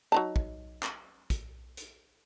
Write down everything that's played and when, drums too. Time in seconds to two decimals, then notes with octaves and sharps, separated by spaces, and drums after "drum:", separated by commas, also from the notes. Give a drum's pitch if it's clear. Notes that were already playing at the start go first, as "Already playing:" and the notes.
0.12 F#3 D#4 A5
0.36 drum: kick
0.83 drum: clap
1.30 drum: kick, hi-hat
1.77 drum: hi-hat